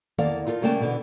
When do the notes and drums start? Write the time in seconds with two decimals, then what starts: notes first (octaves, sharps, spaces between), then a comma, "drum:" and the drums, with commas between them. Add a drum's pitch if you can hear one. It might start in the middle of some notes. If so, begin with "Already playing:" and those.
0.18 E2 A#3 A4 D5 F5, drum: tom D3
0.47 D#4 F4 A4 A#4
0.62 C#3 G3 A3 A#3 G5 A5
0.80 B2 D3 E3